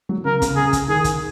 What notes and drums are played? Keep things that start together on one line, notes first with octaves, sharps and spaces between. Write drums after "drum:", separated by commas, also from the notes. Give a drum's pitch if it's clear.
F#3
C#3 A#4
C#3, drum: kick, hi-hat
G#4
drum: kick, hi-hat
D#3 G#4
drum: kick, hi-hat